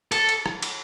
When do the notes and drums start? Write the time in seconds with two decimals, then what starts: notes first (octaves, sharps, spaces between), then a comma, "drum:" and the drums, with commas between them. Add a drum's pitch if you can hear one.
0.12 A4, drum: cymbal
0.29 drum: cymbal
0.46 drum: rim click
0.62 drum: cymbal